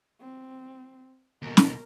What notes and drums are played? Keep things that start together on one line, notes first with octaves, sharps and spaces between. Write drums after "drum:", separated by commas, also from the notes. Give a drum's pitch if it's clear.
C4
D#2 B2 A#4
drum: snare